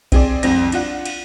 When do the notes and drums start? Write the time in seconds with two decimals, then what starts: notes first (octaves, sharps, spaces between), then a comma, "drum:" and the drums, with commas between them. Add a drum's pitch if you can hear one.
0.12 C4 G#4 D5, drum: kick A#1, cymbal
0.43 C2 F2 C4 A#6, drum: cymbal
0.72 D4 F4 F#5, drum: cymbal
1.06 drum: cymbal